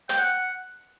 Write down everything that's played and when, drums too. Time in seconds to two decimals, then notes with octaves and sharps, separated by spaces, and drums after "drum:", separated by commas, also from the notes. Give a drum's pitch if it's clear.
0.09 G5, drum: hi-hat
0.18 F#5